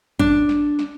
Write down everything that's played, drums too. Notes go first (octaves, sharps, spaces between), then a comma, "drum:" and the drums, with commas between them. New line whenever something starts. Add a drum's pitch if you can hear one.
D4, drum: kick
drum: snare
drum: snare